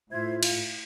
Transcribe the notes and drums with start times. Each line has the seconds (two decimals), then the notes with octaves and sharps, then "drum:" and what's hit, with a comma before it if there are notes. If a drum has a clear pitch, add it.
0.11 A2 E4 F4 C5 E5 G#6
0.43 F5, drum: cymbal